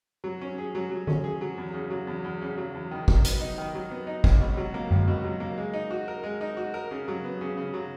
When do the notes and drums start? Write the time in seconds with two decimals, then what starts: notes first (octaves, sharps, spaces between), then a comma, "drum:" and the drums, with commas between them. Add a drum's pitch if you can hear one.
0.24 F#3
0.41 C#4
0.58 G#4
0.75 F#3
0.91 F#3
1.07 C#4, drum: tom D#3
1.24 G#4
1.41 F#3
1.58 E2
1.74 C#3
1.90 F#3
2.07 E2
2.24 E2
2.41 C#3
2.58 F#3
2.74 E2
2.91 D#3
3.08 F#3, drum: kick
3.25 B3, drum: hi-hat
3.40 D#4
3.58 D#3
3.75 F#3
3.91 B3
4.07 D#4
4.24 C#2, drum: kick
4.41 B2
4.57 F#3
4.74 A#3
4.91 C#2, drum: tom F#2
5.08 B2
5.24 F#3
5.40 A#3
5.57 G#3
5.73 D#4
5.91 F#4
6.08 A#4
6.23 G#3
6.41 D#4
6.57 F#4
6.74 A#4
6.91 C#3
7.08 F#3
7.24 B3
7.41 C#3
7.57 C#3
7.74 F#3